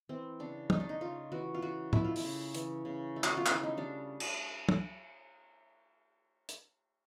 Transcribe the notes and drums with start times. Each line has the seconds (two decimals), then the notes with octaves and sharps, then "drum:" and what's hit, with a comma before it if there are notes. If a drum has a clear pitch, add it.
0.09 E3 C4
0.40 C#3 D4
0.70 A3 D#4, drum: tom
0.80 D4
0.89 D#4
1.01 C#3 F4
1.32 E3 F#4
1.55 F4
1.62 C#3 F#4
1.93 A3 E4, drum: tom
2.04 F4
2.16 E4, drum: open hi-hat
2.24 C#3
2.55 E3, drum: hi-hat
2.85 C#3
3.16 A3
3.24 F#4, drum: clap
3.37 F4
3.46 C#3 E4, drum: clap
3.63 D#4
3.77 G3 D4
4.20 drum: cymbal
4.69 drum: tom
6.49 drum: hi-hat